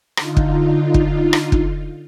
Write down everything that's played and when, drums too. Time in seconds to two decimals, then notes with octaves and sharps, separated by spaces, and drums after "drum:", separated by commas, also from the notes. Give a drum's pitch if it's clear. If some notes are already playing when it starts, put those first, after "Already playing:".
0.17 D3 D#4 F4, drum: rim click
0.37 drum: kick
0.94 drum: kick
1.33 drum: rim click
1.52 drum: kick